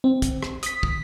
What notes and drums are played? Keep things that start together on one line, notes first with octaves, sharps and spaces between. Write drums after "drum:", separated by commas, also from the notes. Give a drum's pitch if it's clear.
C4
drum: kick, hi-hat
drum: rim click
D#6 B6, drum: hi-hat
drum: kick